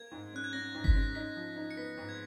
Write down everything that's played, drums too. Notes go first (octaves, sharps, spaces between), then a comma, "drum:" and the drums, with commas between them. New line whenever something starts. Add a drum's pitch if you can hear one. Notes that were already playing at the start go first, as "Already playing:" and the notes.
Already playing: A#3 G#6
G#2
C#4 F#6
G#6
C#4 A#6
G#2
B6, drum: kick G1
C#4
D#4 B6
F3
D#4
C#7
B3 B6
G#2
G#6